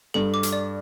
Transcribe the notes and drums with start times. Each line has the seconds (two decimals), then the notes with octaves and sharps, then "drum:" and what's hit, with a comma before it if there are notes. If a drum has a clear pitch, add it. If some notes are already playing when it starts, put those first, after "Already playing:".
0.14 G2 A4
0.34 D6
0.43 drum: hi-hat
0.53 D5